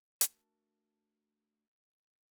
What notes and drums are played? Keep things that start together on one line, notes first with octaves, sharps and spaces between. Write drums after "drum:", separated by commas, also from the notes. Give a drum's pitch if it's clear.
A3 D4 F#4 A#4 A5, drum: hi-hat